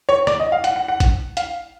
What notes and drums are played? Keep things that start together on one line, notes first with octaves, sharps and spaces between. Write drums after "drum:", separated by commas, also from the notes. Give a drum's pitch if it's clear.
C#5
D5, drum: rim click
D#5
F5
F#5, drum: hi-hat
F#5
F#5
drum: kick G#1, hi-hat
F5, drum: hi-hat